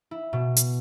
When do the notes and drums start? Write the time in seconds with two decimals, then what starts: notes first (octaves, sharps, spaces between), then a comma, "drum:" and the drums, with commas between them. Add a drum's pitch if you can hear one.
0.11 E4
0.33 B2
0.56 drum: hi-hat